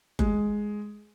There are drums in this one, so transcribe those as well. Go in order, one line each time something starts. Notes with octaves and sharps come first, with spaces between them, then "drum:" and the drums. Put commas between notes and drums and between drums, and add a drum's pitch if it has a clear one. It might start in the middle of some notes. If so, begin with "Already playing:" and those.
G#3, drum: kick F#1